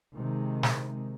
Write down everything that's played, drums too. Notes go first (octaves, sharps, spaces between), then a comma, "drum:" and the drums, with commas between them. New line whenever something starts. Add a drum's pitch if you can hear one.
C3 D#3 G#3
drum: snare